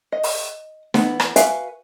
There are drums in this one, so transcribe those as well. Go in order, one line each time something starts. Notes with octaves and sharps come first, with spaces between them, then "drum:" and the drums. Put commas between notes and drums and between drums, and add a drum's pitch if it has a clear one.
D#5
drum: open hi-hat
E3 B3, drum: snare
drum: rim click
F#4 B4 E5 F5 G#5, drum: hi-hat